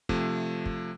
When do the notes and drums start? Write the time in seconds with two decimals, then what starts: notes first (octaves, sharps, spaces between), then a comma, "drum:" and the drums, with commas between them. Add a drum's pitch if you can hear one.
0.09 C3 F3 A3, drum: kick
0.65 drum: kick